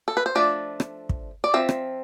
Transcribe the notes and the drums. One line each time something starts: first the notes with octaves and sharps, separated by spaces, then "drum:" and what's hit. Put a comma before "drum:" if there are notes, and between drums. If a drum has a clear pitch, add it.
A4
B4
C5
F3 A3 D4 D5
drum: rim click
drum: kick
D5
F3 C4 E5
drum: rim click